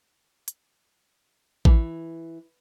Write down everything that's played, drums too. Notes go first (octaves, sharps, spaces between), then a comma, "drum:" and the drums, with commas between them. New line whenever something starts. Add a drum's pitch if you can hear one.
drum: hi-hat
E3, drum: kick A1